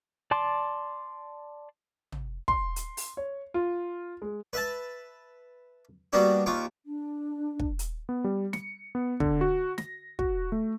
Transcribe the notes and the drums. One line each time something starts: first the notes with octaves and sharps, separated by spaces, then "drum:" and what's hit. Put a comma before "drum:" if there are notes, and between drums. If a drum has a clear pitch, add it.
D5 A5 C6 D6
drum: tom
C6, drum: kick
drum: hi-hat
drum: open hi-hat
C#5
F4
G#3
B4 E5 A5
G3 A#3 B3 D4 F#4
D#2 F4 C#6 D6
D4
drum: kick
drum: hi-hat
B3
G3
C#7, drum: snare
B3
D3, drum: kick
F#4
A#6, drum: snare
F#4, drum: kick
A3